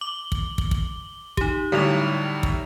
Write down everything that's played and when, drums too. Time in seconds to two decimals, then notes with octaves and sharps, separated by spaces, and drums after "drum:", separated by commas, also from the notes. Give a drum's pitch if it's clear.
0.01 D6 F#7 G7
0.32 drum: kick
0.58 drum: kick
0.71 drum: kick
1.37 D#4 G4, drum: kick
1.72 A2 D3 F#3 G3 D#4 F7
2.43 drum: kick